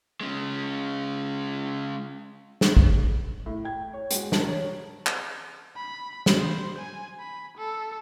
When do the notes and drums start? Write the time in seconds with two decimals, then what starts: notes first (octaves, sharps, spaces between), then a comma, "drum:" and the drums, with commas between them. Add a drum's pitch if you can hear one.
0.21 G#3 C#4
2.61 drum: snare
2.77 drum: kick
3.46 A2
3.65 G5 G#6
3.94 C#5
4.11 G#3 F#4, drum: hi-hat
4.32 A#4 A5, drum: snare
4.47 C#5
5.06 drum: clap
5.76 B5
6.26 drum: snare
6.39 C5
6.78 G#5
7.20 B5
7.57 A4